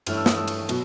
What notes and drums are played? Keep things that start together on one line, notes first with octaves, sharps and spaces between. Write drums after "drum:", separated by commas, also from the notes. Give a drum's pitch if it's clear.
G2 E3 A3 C#4 F6, drum: cymbal
E6
D#6, drum: snare
E6
drum: cymbal
B2 F#3, drum: cymbal